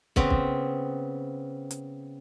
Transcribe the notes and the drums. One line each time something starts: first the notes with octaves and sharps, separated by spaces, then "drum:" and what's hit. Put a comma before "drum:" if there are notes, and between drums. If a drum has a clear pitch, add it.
C#3 B3 C4, drum: kick
drum: kick
drum: hi-hat